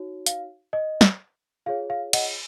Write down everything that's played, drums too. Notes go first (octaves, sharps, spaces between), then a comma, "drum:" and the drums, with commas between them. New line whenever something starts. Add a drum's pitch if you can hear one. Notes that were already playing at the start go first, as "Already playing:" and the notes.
Already playing: D#4 F#4 C#5
F5, drum: hi-hat
D#5
drum: snare
F4 G#4 C#5 F5
F5
D#5 F#5, drum: cymbal